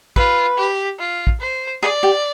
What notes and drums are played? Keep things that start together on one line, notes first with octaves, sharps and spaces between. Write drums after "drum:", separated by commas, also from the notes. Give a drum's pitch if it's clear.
F4 B4, drum: kick
G4
F4
drum: kick
C5
G#4 D5
G4